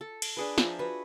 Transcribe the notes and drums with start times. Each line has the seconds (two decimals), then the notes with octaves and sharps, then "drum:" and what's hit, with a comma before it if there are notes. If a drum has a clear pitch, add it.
0.01 A4
0.22 drum: cymbal
0.37 D4 G#4 B4
0.58 F3 E5 A#5, drum: snare
0.79 F#4 B4